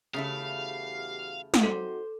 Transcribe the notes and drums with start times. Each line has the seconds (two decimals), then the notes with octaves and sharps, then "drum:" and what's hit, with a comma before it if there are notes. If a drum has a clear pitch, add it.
0.14 E2 C#3 A3 E4 F#4 G4 F5
1.54 drum: snare
1.63 C4 D#4 F#4 A4 C5